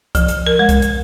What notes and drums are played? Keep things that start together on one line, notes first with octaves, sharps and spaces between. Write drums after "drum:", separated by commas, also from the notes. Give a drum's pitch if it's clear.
F3, drum: kick C2, hi-hat
drum: hi-hat
A#4
G#3
drum: kick C2, hi-hat
drum: hi-hat